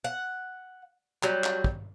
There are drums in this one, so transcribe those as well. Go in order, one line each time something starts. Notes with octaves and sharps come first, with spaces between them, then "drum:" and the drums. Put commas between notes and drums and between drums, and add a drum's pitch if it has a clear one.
F#5
F#3 G3, drum: clap
drum: clap
drum: kick